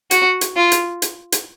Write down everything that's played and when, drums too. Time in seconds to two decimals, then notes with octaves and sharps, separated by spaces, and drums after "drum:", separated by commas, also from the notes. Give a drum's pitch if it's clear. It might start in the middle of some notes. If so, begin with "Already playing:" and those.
0.11 F#4, drum: hi-hat
0.41 drum: hi-hat
0.56 F4
0.72 drum: hi-hat
1.02 drum: hi-hat
1.32 drum: hi-hat